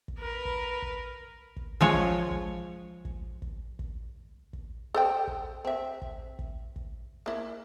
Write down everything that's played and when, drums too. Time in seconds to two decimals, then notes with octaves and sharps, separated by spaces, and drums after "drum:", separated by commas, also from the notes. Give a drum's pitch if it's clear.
0.08 drum: kick
0.18 A#4 B4
0.45 drum: kick
0.82 drum: kick
1.57 drum: kick
1.81 F3 G#3 C#5
1.94 drum: kick
2.31 drum: kick
3.05 drum: kick
3.42 drum: kick
3.79 drum: kick
4.53 drum: kick
4.94 A4 C5 G5
5.28 drum: kick
5.65 C4 E5
6.02 drum: kick
6.39 drum: kick
6.76 drum: kick
7.26 A#3 E4